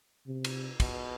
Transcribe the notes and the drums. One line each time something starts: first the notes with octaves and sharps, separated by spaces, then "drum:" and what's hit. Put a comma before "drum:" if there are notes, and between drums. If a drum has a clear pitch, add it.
C3
drum: cymbal
B2, drum: kick, cymbal